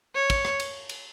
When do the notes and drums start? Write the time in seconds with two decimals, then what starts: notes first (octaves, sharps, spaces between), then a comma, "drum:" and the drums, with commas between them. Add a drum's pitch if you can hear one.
0.15 C#5
0.30 drum: kick, cymbal
0.45 drum: rim click
0.60 drum: cymbal
0.89 drum: cymbal